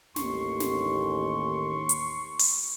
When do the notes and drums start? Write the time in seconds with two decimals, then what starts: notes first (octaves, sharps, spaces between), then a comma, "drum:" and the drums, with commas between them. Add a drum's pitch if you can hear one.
0.16 A1 D#2 C6 C#6, drum: snare
0.60 drum: snare
1.89 drum: hi-hat
2.39 drum: open hi-hat